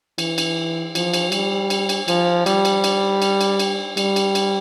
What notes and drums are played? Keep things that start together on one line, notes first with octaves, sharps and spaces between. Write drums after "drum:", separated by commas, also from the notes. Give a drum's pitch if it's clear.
E3, drum: cymbal
drum: cymbal
F3, drum: cymbal
drum: cymbal
G3, drum: cymbal
drum: cymbal
drum: cymbal
F3, drum: cymbal
G3, drum: cymbal
drum: cymbal
drum: cymbal
drum: cymbal
drum: cymbal
drum: cymbal
G3, drum: cymbal
drum: cymbal
drum: cymbal